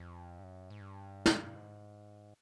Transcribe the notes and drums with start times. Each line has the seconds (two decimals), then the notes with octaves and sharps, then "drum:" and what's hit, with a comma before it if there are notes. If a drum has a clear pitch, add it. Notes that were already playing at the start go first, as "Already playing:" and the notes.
Already playing: F2
0.39 G2
0.44 F#2
0.70 G#2
0.81 G2
1.26 drum: snare
1.56 G#2